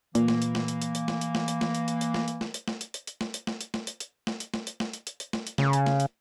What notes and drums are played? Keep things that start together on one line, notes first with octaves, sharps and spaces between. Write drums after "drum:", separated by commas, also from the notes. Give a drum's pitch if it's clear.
A#2 E3 A#3, drum: hi-hat
drum: snare
drum: hi-hat
drum: snare
drum: hi-hat
drum: hi-hat
drum: hi-hat
drum: snare
drum: hi-hat
drum: snare
drum: hi-hat
drum: snare
drum: hi-hat
drum: hi-hat
drum: hi-hat
drum: snare
drum: hi-hat
drum: snare
drum: hi-hat
drum: snare
drum: hi-hat
drum: hi-hat
drum: hi-hat
drum: snare
drum: hi-hat
drum: snare
drum: hi-hat
drum: snare
drum: hi-hat
drum: hi-hat
drum: snare
drum: hi-hat
drum: snare
drum: hi-hat
drum: snare
drum: hi-hat
drum: hi-hat
drum: hi-hat
drum: snare
drum: hi-hat
C#3, drum: snare
drum: hi-hat
drum: snare
drum: hi-hat